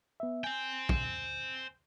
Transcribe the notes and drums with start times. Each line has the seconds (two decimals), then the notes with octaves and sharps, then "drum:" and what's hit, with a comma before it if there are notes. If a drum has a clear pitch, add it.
0.20 B3 E5
0.44 C5 G5 G#5
0.89 drum: kick